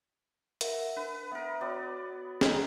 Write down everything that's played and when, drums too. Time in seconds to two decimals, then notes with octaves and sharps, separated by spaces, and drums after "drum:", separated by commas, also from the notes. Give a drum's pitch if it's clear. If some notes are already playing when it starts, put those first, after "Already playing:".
0.61 A#4 E5 F#5, drum: hi-hat
0.96 D4 B4
1.31 B3 A#4 E5
1.61 B3 F#4 C#5 D5 B5
2.41 C#5 D#5 A#5, drum: snare